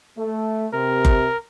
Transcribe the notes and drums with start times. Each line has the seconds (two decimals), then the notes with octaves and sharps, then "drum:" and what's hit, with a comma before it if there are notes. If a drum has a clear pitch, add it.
0.17 A3
0.73 C3 A#4
1.05 drum: kick F#1